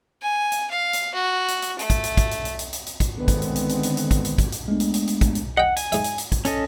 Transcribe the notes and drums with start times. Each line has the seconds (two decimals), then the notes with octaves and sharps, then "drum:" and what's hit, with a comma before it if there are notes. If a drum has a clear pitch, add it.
0.22 G#5
0.52 drum: hi-hat
0.71 F5
0.93 drum: hi-hat
1.14 F#4
1.48 drum: hi-hat
1.62 drum: hi-hat
1.79 A3, drum: hi-hat
1.90 drum: kick, hi-hat
2.04 drum: hi-hat
2.17 drum: kick, hi-hat
2.31 drum: hi-hat
2.45 drum: hi-hat
2.59 drum: hi-hat
2.73 drum: hi-hat
2.86 drum: hi-hat
3.00 drum: kick, hi-hat
3.18 D3 D#3 G#3 B3 C4
3.28 drum: kick, hi-hat
3.42 drum: hi-hat
3.56 drum: hi-hat
3.69 drum: hi-hat
3.83 drum: hi-hat
3.97 drum: hi-hat
4.11 drum: kick, hi-hat
4.25 drum: hi-hat
4.38 drum: kick, hi-hat
4.52 drum: hi-hat
4.68 G#3 A3 B3 D4
4.80 drum: hi-hat
4.94 drum: hi-hat
5.07 drum: hi-hat
5.21 drum: kick, hi-hat
5.35 drum: hi-hat
5.57 D#5 F#5 G5
5.77 G#5, drum: hi-hat
5.92 G#2 E5, drum: hi-hat
6.04 drum: hi-hat
6.18 drum: hi-hat
6.32 drum: kick, hi-hat
6.45 C#4 A4 D#5, drum: hi-hat